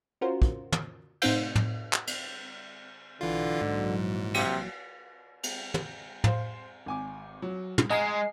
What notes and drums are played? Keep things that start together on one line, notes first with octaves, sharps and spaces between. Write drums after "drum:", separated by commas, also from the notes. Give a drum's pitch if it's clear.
C#4 F4 F#4 A#4 C5
drum: kick
drum: tom
A2 C3 C4 D#4 C5 G6, drum: cymbal
drum: tom
drum: clap
drum: cymbal
B1 D3 E3 F4
A#1 G#2 E3 F#3
C3, drum: cymbal
drum: cymbal
drum: tom
C5 F5, drum: tom
G#1 G#5 D6
F#3
drum: tom
G#3 D#5 F#5 G#5 A#5 F6 C7